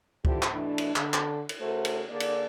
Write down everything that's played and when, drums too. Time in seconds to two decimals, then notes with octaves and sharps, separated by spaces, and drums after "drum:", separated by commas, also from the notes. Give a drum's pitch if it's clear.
0.25 D3 E3 C4 F4 G4, drum: kick C#2
0.42 drum: clap
0.53 B2 E3 A3 D4
0.78 drum: cymbal
0.96 D3, drum: clap
1.14 drum: clap
1.49 drum: cymbal
1.61 C#3 A3 F#4 A4 A#4 C5
1.85 drum: cymbal
2.10 D3 A#3 G#4 D5
2.20 drum: cymbal